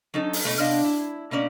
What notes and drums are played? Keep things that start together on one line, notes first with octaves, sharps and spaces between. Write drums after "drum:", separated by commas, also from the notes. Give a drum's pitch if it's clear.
F#3 C#4 D#4 A4
drum: open hi-hat
B2 A3
C3 B3 D4 D#5 F5
E4
B2 A#3 C#4 D5